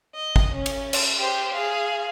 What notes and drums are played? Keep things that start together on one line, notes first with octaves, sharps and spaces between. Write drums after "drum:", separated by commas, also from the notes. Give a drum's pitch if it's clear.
D#5
drum: kick
C#4
drum: cymbal
drum: cymbal
G4 C5
G#4 F5